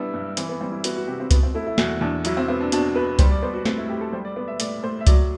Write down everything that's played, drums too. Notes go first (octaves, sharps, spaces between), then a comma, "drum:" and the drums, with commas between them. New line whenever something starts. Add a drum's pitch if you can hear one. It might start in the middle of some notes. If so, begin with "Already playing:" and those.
Already playing: G3 B3 D4 E4
G2
E3 C4, drum: hi-hat
B3
G3 C4
E4
B3 F#4, drum: hi-hat
F#4
C3 G4
C4
B2 B3, drum: kick C2, hi-hat
C4
A3 E4
E4
E2 F#4, drum: snare
E2 D4
F#3 E4, drum: hi-hat
C4
B3 C4
D4
B2 D4, drum: hi-hat
B2 B4
G3 C5, drum: kick C2, hi-hat
D5
B3 C5
F#4
A2 C4, drum: snare
E4
A2 G4
A4
G3 C5
D5
B3 D5
E5
A2 D5, drum: hi-hat
A2 C5
E5
F#3 D5, drum: kick C2, hi-hat